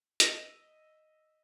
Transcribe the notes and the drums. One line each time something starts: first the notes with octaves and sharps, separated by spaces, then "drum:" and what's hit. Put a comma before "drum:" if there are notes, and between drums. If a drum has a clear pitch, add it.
D#5 E5, drum: hi-hat